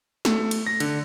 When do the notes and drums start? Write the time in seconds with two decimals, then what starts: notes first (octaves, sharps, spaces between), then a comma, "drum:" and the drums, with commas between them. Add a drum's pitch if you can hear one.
0.25 A3, drum: snare
0.51 drum: cymbal
0.67 A#6
0.80 D3, drum: cymbal